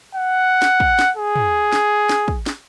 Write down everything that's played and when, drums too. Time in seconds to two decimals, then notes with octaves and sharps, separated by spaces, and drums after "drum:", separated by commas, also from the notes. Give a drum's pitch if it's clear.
0.15 F#5
0.62 drum: snare
0.80 drum: kick
0.99 drum: snare
1.17 G#4
1.36 drum: tom
1.72 drum: snare
2.09 drum: snare
2.28 drum: kick
2.46 drum: snare